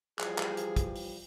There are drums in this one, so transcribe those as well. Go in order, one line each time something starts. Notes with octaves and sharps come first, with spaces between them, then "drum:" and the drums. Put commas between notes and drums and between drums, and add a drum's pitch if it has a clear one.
E3 F3 G3 G#4, drum: clap
drum: clap
drum: hi-hat
drum: kick, hi-hat
drum: open hi-hat